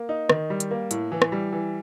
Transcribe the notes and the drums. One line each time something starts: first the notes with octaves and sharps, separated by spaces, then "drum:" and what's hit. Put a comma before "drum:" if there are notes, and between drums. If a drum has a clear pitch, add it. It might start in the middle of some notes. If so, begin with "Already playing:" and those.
Already playing: A#3
D#4
D#3, drum: rim click
G3
drum: hi-hat
A#3
A2, drum: hi-hat
E3
drum: rim click
G3
E3